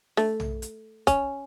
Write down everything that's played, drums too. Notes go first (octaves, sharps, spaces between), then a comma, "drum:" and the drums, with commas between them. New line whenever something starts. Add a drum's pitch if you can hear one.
A3, drum: snare
drum: tom
drum: hi-hat
C#4, drum: kick, hi-hat